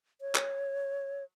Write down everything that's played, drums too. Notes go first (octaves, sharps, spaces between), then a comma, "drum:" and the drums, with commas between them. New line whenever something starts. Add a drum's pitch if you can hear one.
C#5
drum: clap